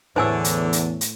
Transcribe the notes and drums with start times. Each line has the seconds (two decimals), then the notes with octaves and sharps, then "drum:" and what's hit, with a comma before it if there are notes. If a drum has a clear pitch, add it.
0.16 E2 A2 D3 E3 C5 C#5 G#5 E6
0.44 drum: hi-hat
0.73 drum: hi-hat
1.01 drum: hi-hat